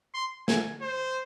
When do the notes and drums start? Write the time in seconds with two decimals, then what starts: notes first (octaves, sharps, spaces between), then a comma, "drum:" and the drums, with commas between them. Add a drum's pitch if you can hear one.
0.15 C6
0.48 G#5, drum: snare
0.81 C5